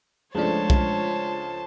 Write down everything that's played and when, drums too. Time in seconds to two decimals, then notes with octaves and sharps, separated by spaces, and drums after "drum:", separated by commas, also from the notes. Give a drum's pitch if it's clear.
0.35 C#2 F3 G#3 A3 D4 C5 C#5 A5
0.70 drum: kick B1